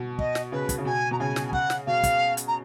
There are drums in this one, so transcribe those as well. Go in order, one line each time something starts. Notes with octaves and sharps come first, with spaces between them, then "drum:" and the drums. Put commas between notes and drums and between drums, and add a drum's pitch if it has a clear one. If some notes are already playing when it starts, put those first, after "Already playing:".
Already playing: B2
D#5, drum: kick
drum: snare
C#3 B4
drum: kick, hi-hat
C#3
B2 G#5
B2 A#5
C#3 G#5
drum: snare
G#5
F#5, drum: kick
drum: snare
B2 F5
drum: kick, hi-hat
drum: hi-hat
A#5